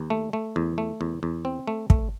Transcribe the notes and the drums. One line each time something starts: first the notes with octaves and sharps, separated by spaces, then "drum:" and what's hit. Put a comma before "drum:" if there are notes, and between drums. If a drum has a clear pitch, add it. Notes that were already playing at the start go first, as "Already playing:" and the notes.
Already playing: D#2
A3
A3
E2
A3
E2
E2
C4
A3
A3, drum: kick